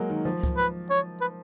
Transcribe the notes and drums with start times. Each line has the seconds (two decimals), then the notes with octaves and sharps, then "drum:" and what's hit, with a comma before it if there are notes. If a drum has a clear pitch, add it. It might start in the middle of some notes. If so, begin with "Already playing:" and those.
Already playing: F#3 G#3 A#3
0.10 D#3
0.25 F3
0.43 drum: kick C#2
0.57 B4
0.90 C#5
1.21 B4